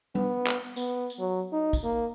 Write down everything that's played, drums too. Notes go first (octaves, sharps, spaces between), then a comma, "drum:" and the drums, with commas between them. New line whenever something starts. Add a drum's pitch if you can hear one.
B3, drum: tom G3
drum: clap
B3, drum: tambourine
drum: tambourine
F#3
D#4
drum: kick, tambourine
A#3